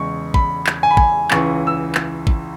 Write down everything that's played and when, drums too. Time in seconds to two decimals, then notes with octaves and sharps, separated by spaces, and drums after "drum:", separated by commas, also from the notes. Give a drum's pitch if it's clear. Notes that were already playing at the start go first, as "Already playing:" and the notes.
Already playing: E2 C#3 G#3 C#6
0.34 B5, drum: kick
0.67 drum: clap
0.83 G#5
0.91 B5
0.97 G#5, drum: kick
1.31 C#2 C#3 E3 C#6, drum: clap
1.67 E6
1.95 drum: clap
2.27 drum: kick